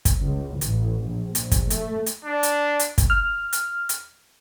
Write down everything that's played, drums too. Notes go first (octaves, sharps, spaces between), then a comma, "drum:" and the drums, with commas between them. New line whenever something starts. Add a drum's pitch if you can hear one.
drum: kick, hi-hat
C#2
A1, drum: hi-hat
A#1
A#1, drum: hi-hat
drum: kick, hi-hat
A3, drum: hi-hat
drum: hi-hat
D4
drum: hi-hat
drum: hi-hat
drum: kick, hi-hat
F6
drum: hi-hat
drum: hi-hat